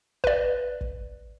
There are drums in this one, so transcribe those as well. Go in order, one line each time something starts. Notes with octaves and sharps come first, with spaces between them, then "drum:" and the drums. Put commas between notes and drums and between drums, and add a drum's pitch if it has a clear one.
B4 D5, drum: kick
drum: kick